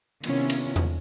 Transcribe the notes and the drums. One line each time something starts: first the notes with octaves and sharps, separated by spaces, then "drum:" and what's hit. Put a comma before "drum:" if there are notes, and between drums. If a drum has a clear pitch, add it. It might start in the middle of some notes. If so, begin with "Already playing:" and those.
C3 D#3 B3 C#4 E4 F4, drum: cymbal
drum: cymbal
drum: tom E2